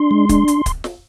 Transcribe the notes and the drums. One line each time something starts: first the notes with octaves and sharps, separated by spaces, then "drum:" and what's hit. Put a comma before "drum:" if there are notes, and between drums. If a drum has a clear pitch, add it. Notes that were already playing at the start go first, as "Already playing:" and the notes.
Already playing: D4 C6
G#3
D4, drum: kick, hi-hat
drum: hi-hat
drum: kick, hi-hat
drum: snare